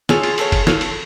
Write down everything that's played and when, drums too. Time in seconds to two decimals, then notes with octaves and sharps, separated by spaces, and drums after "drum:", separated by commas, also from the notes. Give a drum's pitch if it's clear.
0.09 F4 G#4 A4 C#5, drum: snare
0.23 drum: cymbal
0.38 F4 A4 C#5, drum: cymbal
0.52 drum: kick, cymbal
0.67 F4 A4 C#5, drum: snare
0.81 drum: cymbal